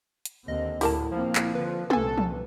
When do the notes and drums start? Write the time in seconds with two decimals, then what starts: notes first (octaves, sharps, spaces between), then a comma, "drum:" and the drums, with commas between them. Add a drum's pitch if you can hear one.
0.25 drum: hi-hat
0.48 D#2 D3 C4 D#5
0.81 D2 A2 E4 G4 A#4 A5, drum: open hi-hat
1.11 A#2 F3 A#3 C4
1.35 drum: clap
1.55 D3 B4
1.90 C2 A#2 C4 A4 G#5, drum: tom
2.18 drum: tom